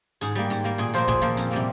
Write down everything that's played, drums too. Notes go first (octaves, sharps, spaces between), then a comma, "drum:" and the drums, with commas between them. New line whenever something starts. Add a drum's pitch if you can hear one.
G#2 G#4, drum: hi-hat
G3 A#3
G#2, drum: hi-hat
G3 A#3
A#2 G#4
F3 A#3 C5
A#2 G#4, drum: kick
F3 A#3
F2, drum: hi-hat
C3 G3 A#3